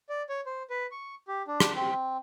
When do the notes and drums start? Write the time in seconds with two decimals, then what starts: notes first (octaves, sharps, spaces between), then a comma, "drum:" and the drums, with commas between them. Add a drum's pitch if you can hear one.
0.09 D5
0.29 C#5
0.46 C5
0.70 B4
0.92 C#6
1.28 G4
1.47 D4
1.60 drum: rim click
1.76 C4